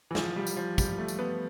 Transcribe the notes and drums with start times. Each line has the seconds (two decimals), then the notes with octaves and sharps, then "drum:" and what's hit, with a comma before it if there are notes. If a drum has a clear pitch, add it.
0.11 E3
0.15 F3, drum: snare
0.36 G3
0.47 drum: tambourine
0.57 F3
0.78 G3, drum: kick, tambourine
0.98 A3
1.08 drum: tambourine
1.19 B3